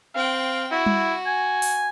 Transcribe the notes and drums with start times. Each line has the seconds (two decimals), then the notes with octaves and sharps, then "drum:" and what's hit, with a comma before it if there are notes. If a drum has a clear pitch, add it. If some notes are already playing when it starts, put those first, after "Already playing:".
0.15 C4 F5 G5
0.71 E4 F#4
0.86 drum: tom G3
1.26 G#5
1.62 drum: open hi-hat